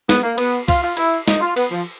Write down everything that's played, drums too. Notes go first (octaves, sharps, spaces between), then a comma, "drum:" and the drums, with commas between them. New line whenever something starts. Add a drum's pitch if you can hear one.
B3, drum: snare
A#3
B3, drum: cymbal
F4, drum: kick, cymbal
F4
E4, drum: cymbal
D#4, drum: snare
F4
B3, drum: cymbal
F3